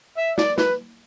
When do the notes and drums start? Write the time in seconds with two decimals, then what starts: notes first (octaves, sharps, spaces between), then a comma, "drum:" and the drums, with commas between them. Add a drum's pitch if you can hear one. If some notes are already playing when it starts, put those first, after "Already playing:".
0.17 E5
0.38 D5, drum: snare
0.58 B4, drum: snare